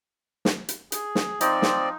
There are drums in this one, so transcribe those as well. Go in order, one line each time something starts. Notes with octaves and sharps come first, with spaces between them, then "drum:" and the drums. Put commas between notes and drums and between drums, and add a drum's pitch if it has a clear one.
drum: snare
drum: hi-hat
G#4, drum: hi-hat
drum: snare
F3 C4 D#4 D5, drum: hi-hat
drum: snare